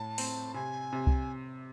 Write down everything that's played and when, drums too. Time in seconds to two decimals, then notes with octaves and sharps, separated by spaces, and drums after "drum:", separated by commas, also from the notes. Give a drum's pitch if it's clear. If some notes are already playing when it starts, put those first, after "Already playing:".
Already playing: A2 A5
0.18 C4, drum: open hi-hat
0.54 C3 G#5
0.92 C3
1.07 drum: kick C2